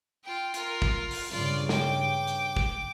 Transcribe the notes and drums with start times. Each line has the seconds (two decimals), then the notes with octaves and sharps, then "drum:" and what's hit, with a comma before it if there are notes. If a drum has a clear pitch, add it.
0.24 F4 G5
0.54 F4 A#4, drum: hi-hat
0.82 drum: kick
1.11 drum: open hi-hat
1.32 G2 C#3 F4 D5
1.69 G5 D6, drum: snare
2.27 drum: hi-hat
2.56 drum: kick